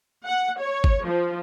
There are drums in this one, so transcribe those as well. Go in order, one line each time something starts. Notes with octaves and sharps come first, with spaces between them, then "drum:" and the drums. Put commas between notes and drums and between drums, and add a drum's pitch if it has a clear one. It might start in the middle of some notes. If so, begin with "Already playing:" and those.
F#5
C#5
drum: kick
F3